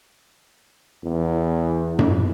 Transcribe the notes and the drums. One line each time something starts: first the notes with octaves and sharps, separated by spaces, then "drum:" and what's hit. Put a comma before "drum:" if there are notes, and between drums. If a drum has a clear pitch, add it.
E2
drum: tom F#2